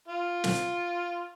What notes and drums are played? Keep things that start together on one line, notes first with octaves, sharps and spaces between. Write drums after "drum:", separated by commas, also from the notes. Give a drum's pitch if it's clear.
F4
drum: snare